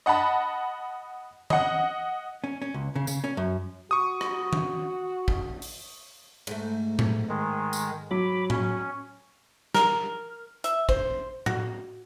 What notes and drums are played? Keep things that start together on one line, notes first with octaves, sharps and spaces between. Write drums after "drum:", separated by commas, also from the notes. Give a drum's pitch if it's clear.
D#5 F#5 A5 B5
D#5 F#5, drum: tom D#3
C#4
C#4
C#2
C#3
C#3, drum: tambourine
C#4
F#2
F#4 C#6 D#6
drum: rim click
drum: tom D#3
drum: kick
drum: open hi-hat
G#2 A3, drum: cymbal
drum: tom A2
D#3 G#3
drum: tambourine
F#3 B5 D6
C#4, drum: tom A2
A#4, drum: snare
E5, drum: hi-hat
C5, drum: kick
F#4, drum: tom A2